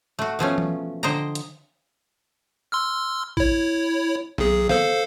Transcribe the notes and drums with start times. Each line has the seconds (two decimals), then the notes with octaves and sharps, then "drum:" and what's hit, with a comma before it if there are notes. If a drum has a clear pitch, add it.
0.19 A3 F#4
0.39 B2 F3 A3 C#4
0.58 drum: tom E3
1.03 D3 C5 D#5 G5 A#5
1.35 drum: hi-hat
2.72 C6 E6 F6
3.37 E4 C#5, drum: kick G#1
4.38 B1 G#4, drum: snare
4.69 A4 C5 F5, drum: snare